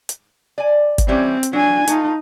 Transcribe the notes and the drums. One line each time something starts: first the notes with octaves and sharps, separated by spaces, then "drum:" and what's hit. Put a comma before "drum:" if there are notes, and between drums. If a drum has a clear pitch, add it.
drum: hi-hat
D5 G#5
drum: kick G#1, hi-hat
E3 G3 C4 C#4
drum: hi-hat
F#3 D4 G#5
A3 D#4 F4, drum: hi-hat